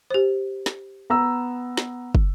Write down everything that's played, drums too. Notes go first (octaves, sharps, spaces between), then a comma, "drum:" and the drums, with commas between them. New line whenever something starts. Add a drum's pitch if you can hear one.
G4 C5
drum: snare
B3 A#5 E6
drum: snare
drum: kick